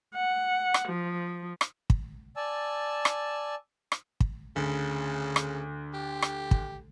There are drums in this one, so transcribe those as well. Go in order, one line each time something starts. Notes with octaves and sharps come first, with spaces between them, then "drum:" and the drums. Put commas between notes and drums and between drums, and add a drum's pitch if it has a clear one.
F#5
drum: rim click
F3
drum: rim click
drum: kick
D5 G#5 A5 E6
drum: rim click
drum: rim click
drum: kick
D2 C#3
drum: rim click
G4
drum: rim click
drum: kick